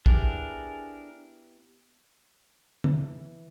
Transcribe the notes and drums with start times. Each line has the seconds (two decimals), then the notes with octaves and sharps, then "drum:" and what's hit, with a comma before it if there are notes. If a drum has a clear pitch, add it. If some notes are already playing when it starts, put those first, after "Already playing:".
0.06 B3 D4 E4 G4 G#4 A#4, drum: kick
2.84 E3, drum: tom